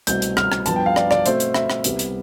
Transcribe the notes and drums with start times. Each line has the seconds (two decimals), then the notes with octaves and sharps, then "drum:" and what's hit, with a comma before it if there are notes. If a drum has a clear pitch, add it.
0.07 C2 B2 A3 C4 G6, drum: hi-hat
0.22 drum: hi-hat
0.37 F6, drum: rim click
0.52 drum: rim click
0.66 G2 F3 B3 A5, drum: hi-hat
0.76 G5
0.86 F5
0.96 D5, drum: rim click
1.11 D5, drum: rim click
1.26 B2 A3 C4 C5, drum: hi-hat
1.40 drum: hi-hat
1.54 E5, drum: rim click
1.70 drum: rim click
1.84 C2 C3 G3 B3, drum: hi-hat
1.99 drum: hi-hat